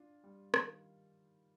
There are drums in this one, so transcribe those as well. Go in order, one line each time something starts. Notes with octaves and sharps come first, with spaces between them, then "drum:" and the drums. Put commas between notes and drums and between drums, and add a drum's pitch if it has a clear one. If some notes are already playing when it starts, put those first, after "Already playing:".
Already playing: D4 F4
G3
D#3, drum: rim click